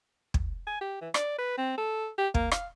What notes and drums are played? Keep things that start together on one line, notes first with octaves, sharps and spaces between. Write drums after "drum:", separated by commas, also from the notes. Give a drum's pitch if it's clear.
drum: kick
G#5
G4
E3
D5, drum: rim click
B4
C4
A4
G4
A#3, drum: kick
F5, drum: rim click